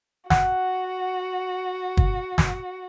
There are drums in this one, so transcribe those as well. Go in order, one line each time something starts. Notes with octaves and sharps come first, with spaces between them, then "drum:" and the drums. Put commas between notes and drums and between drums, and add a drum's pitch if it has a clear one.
F#4 F#5, drum: snare
drum: kick
drum: snare